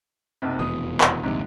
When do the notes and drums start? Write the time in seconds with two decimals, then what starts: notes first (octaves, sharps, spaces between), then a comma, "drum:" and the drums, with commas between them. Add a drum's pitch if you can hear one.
0.42 F#1 B1 C3
0.59 F1 E2 B2 D#6
1.01 drum: clap
1.23 A#1 D#2 G#2 C3